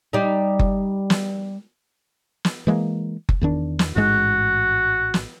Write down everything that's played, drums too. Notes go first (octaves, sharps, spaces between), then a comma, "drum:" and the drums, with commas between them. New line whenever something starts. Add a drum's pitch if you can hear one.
G3 D#4
drum: kick F#1
drum: snare
drum: snare
E3 G#3 A#3
drum: kick F#1
E2 D#3 D4
drum: snare
A1 G#2 G#3 F#4
drum: snare